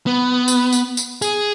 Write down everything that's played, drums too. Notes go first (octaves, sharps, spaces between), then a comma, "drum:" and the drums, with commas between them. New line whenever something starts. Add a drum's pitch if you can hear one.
B3
drum: tambourine
drum: tambourine
drum: tambourine
G#4, drum: tambourine